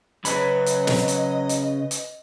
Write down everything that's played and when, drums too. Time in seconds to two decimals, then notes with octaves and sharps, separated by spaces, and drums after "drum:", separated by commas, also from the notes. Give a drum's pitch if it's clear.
0.25 C#3 F#3 B4 D#5 B5, drum: hi-hat
0.66 drum: hi-hat
0.87 drum: snare
1.08 drum: hi-hat
1.49 drum: hi-hat
1.91 drum: hi-hat